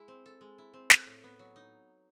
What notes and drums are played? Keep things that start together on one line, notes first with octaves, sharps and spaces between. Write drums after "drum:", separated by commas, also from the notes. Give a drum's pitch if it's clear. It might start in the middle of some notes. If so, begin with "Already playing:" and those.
Already playing: G#3 E4
C4
A4
G#3
E4
C4
A4, drum: snare
A2
B3
F#3
D#4